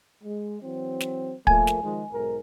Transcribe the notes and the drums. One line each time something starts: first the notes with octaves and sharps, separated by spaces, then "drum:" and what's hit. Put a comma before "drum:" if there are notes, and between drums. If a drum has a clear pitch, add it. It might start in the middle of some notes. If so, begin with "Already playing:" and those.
G#3
E3 F#3 C4
drum: snare
F3 A3 A#3 G#5, drum: kick
drum: snare
D#3 F3 G#3
B1 G#2 A#4